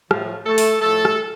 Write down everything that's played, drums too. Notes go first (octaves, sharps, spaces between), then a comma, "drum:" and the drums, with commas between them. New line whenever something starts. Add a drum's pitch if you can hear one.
A2 F3, drum: rim click
A3 A4
drum: open hi-hat
A2 F3 A3 A4
drum: rim click